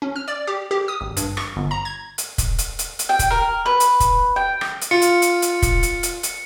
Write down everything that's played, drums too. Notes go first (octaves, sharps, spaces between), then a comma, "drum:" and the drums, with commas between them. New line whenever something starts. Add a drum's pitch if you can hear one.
C#4
F6
D5
G4
G4
D#6
G#1
G2, drum: hi-hat
C#6, drum: rim click
G1
A#5
G#6
drum: hi-hat
drum: kick, hi-hat
drum: hi-hat
drum: hi-hat
drum: hi-hat
G5
drum: kick, hi-hat
A#4
B4
drum: hi-hat
drum: kick, hi-hat
G5
drum: rim click
drum: hi-hat
F4 C#7
drum: hi-hat
drum: hi-hat
drum: hi-hat
drum: kick, hi-hat
drum: hi-hat
drum: hi-hat
drum: hi-hat